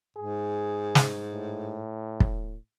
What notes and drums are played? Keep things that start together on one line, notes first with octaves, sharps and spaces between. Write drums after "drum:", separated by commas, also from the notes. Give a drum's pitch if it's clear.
G#2 G#4
drum: snare
A2
drum: kick